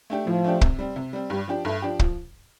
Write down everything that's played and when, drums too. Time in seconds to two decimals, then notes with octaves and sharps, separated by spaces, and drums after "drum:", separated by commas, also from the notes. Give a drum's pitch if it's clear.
0.10 A3 D4 G4
0.27 A2 F3
0.44 A3 D4 G4
0.61 C3, drum: kick
0.79 G3 C4
0.96 C3
1.13 G3 C4
1.30 G2 G3
1.48 F3 D4 G4
1.65 G2 A3
1.82 F3 D4 G4
1.99 F3, drum: kick